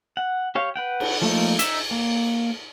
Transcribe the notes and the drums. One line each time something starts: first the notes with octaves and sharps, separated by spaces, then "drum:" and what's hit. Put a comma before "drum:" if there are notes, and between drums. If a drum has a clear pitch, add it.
F#5
G4 C#5 F5
B4 F#5 G5
drum: cymbal
F3 A3 A#3 D#4
D#4 E5, drum: hi-hat
A#3